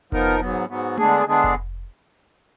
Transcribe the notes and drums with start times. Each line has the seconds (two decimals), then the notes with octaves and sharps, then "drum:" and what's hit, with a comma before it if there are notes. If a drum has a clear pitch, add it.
0.12 F3 B3 D#4 A#4, drum: kick F1
0.40 G#2 F#3 B3
0.69 G#2 F#3 B3
0.98 D3 G#3 B3 D4 G#4, drum: tom A3
1.26 D3 G#3 B3 D4 G#4
1.44 drum: kick F1